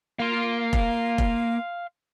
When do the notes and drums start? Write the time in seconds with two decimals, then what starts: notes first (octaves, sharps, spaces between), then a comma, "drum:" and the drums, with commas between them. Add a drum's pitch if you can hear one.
0.20 A#3 F5 C6
0.73 drum: kick F1
1.18 drum: kick F1